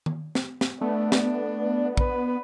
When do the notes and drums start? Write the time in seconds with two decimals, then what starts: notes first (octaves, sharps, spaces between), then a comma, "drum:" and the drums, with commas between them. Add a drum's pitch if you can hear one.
0.06 drum: tom D#3
0.35 drum: snare
0.61 drum: snare
0.81 A3 B3 D4
1.12 drum: snare
1.97 B4, drum: kick